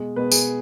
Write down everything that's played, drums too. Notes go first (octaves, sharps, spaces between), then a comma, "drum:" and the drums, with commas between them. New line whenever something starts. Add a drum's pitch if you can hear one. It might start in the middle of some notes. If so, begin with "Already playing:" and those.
Already playing: B2 G#3
B2 G#3 B4
G#4, drum: tambourine